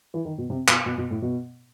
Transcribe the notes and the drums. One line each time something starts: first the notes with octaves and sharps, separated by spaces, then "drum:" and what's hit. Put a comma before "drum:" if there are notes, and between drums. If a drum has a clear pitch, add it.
E3
D#3
B2
C3
B2, drum: clap
B2
B2
A2
B2